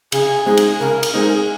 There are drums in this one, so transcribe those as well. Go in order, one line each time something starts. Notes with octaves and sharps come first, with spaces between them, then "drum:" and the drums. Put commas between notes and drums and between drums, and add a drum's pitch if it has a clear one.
C#3 G#4, drum: cymbal
G#3 C4 D#4 G#4
drum: cymbal
C#3 A#4
drum: cymbal
G#3 C4 D#4 G#4
A#4
G#4